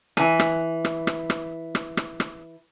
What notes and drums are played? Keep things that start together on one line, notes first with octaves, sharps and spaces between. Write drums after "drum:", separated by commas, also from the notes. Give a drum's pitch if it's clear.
E3 G#5, drum: rim click
drum: rim click
drum: rim click
drum: rim click
drum: rim click
drum: rim click
drum: rim click
drum: rim click